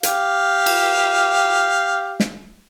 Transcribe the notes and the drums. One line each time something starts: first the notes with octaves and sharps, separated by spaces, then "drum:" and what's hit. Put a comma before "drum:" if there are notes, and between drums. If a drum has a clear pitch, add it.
G4 F5, drum: hi-hat
drum: cymbal
drum: snare